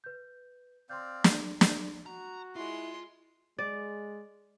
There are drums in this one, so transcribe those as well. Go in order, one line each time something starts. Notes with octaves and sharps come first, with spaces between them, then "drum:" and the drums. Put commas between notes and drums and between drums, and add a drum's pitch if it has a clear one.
B4 G6
C4 D5 F5 C6 G6
drum: snare
drum: snare
F#4 A#5
G#3 E4 F4 C6
G#3 D5 A6